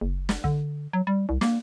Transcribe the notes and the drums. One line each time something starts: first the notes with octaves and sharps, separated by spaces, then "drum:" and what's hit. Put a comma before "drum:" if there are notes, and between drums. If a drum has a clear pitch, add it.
F#1
drum: snare
D3, drum: kick
F#3
G3
C2
A#3, drum: snare